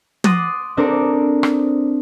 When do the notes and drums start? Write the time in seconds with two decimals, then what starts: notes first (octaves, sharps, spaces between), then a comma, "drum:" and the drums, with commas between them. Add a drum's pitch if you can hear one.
0.24 C6 D6 D#6 F#6 A6 A#6, drum: tom
0.77 C4 D4 A4 A#4 C5 D5
1.43 drum: rim click